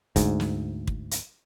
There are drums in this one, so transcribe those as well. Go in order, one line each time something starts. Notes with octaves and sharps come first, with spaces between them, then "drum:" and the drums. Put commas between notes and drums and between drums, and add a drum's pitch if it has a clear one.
D2 G#2, drum: kick, hi-hat
drum: snare
drum: kick
drum: hi-hat